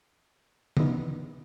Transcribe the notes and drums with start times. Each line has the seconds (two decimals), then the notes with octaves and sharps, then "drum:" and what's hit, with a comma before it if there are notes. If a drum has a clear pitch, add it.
0.77 C#3 E3 B3 D#4, drum: tom D3